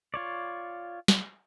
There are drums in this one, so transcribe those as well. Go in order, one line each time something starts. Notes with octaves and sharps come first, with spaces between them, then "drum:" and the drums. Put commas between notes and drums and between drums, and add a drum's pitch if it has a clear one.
F4 C#5 D5
drum: snare